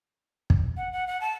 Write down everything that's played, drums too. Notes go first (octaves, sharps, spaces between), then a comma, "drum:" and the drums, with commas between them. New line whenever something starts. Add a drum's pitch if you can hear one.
drum: kick
F#5
F#5
F#5
A5